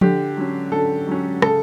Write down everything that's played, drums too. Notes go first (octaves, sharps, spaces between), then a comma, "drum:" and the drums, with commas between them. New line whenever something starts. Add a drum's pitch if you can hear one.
D3 G4, drum: tom F3
F#3 C#4
D3 A4
F#3 C#4
C#3 A4, drum: rim click